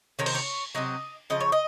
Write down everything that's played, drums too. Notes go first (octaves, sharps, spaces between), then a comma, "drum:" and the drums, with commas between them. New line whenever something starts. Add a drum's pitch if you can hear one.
C3 D#3 C#5
C5, drum: cymbal
C#5
C3 F#3 D#5
C#3 F3 D#5
C#5
D#5